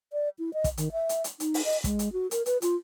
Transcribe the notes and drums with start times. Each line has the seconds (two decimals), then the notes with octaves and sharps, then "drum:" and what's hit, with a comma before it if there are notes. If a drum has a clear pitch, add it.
0.12 D5
0.39 E4
0.53 D#5
0.64 drum: kick, hi-hat
0.77 D#3, drum: hi-hat
0.92 E5
1.09 drum: hi-hat
1.24 drum: hi-hat
1.40 D#4, drum: hi-hat
1.54 drum: open hi-hat
1.65 D#5
1.84 G#3, drum: kick, hi-hat
1.99 drum: hi-hat
2.13 F#4
2.31 A#4, drum: hi-hat
2.46 B4, drum: hi-hat
2.62 F4, drum: hi-hat